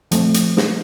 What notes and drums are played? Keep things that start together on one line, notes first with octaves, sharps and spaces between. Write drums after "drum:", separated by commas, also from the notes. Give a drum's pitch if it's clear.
F3 A3 C4, drum: hi-hat
drum: hi-hat
drum: snare